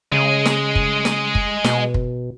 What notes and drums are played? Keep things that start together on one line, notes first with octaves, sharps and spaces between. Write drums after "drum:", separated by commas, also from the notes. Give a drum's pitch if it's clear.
C#3 G#3 G#4
drum: snare
drum: kick
drum: snare
drum: kick
B2, drum: snare
drum: kick